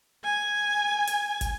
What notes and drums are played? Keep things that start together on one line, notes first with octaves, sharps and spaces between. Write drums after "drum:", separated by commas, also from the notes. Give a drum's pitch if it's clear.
G#5
drum: hi-hat
drum: kick, hi-hat